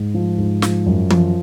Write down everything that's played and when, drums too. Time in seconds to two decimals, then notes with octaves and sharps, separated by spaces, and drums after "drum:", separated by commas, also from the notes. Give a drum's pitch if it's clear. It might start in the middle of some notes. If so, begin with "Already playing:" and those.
Already playing: G#2
0.14 F3
0.38 G#2
0.62 F3, drum: snare
0.86 F#2
1.10 F3, drum: tom E3